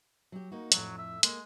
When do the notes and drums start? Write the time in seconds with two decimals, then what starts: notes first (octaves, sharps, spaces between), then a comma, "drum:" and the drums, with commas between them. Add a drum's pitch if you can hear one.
0.32 F#3 G4
0.52 A#3 D#4 F#4
0.72 F2 A2 F#3, drum: hi-hat
0.98 E5
1.23 G#3 A#3, drum: hi-hat